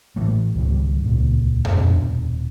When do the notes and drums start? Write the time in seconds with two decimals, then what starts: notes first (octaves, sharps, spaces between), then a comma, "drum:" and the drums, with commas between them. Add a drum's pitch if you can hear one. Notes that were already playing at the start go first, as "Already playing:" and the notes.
0.16 A2 E3 A3
0.55 C#2 G#2 D#3 G3
1.06 D#1 C#2 A#2
1.65 drum: tom F2
1.74 D#1 B2 D4